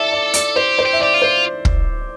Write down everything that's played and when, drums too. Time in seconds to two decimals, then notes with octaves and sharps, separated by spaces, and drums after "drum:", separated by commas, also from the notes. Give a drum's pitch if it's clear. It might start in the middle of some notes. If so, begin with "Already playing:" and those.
Already playing: A4 D5 E5
0.12 D5
0.34 D5, drum: hi-hat
0.56 G4 C5
0.79 C5
0.86 G4
0.93 E5
1.00 G4 D5
1.14 F4
1.22 C5
1.65 drum: kick